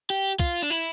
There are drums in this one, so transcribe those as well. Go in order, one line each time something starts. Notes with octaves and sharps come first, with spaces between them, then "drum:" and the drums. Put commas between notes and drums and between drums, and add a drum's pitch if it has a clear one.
G4, drum: tambourine
F4, drum: kick, tambourine
D4
E4, drum: tambourine